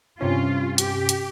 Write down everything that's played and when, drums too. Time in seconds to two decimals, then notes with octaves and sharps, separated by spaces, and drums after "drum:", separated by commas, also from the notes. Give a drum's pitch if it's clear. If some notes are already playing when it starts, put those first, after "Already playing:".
0.21 G2 C3 C#4 F4
0.78 G4, drum: hi-hat
1.09 drum: hi-hat